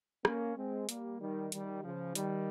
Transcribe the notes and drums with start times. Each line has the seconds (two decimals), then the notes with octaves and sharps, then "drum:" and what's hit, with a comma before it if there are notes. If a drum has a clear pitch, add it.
0.25 A#3 C#4, drum: rim click
0.56 G#3 C4
0.89 G3 A#3, drum: hi-hat
1.20 D#3 G3
1.52 D#3 G3, drum: hi-hat
1.84 C#3 F3
2.15 D#3 G3, drum: hi-hat